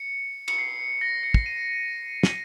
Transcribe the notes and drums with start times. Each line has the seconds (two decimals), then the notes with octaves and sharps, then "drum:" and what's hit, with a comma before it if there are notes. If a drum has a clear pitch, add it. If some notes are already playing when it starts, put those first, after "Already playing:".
Already playing: C#7
0.48 C#7, drum: cymbal
0.59 C7
1.01 A#6
1.23 C#7
1.34 drum: kick
1.46 D#7
2.23 D#7, drum: snare